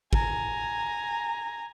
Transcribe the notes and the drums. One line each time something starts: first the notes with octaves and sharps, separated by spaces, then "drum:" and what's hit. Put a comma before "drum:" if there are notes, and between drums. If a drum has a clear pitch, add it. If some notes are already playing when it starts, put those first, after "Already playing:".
G#5 A#5, drum: kick